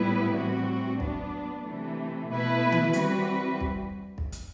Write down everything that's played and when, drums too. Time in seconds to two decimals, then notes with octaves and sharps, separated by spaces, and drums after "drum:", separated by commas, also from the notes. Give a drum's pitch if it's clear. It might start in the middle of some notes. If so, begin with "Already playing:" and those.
Already playing: A2 G3 B3 E4 B4
0.36 A2 E3 G3 C4 F#4
1.00 F#3 B3 D4, drum: kick
1.64 C3 E3 A3
2.29 B2 A3 E4 B4
2.72 drum: tom D#3
2.93 E3 G3 C4 F#4 B4, drum: hi-hat
3.61 drum: kick
4.18 drum: kick
4.32 drum: hi-hat